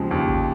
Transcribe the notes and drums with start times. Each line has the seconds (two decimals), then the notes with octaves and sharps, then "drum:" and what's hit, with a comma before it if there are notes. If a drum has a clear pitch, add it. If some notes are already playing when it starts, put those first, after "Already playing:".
Already playing: D#2 C#3 F3 G#3
0.11 D#2
0.28 drum: kick G#1